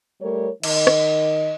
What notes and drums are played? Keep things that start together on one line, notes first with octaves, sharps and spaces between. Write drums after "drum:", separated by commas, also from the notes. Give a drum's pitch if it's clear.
G3 A3 A#4 C#5
D#3 D#5, drum: cymbal
drum: rim click